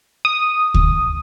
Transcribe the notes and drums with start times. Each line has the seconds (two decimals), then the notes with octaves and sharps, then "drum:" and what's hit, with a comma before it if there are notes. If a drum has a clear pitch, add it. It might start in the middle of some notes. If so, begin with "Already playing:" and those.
0.25 D#6
0.74 drum: kick D2